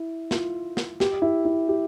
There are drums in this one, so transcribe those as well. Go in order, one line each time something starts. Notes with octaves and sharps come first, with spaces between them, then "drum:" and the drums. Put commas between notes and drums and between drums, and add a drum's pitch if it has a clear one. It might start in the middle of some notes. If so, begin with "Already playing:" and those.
Already playing: E4
F4, drum: snare
drum: snare
G4, drum: snare
E4
E4
G4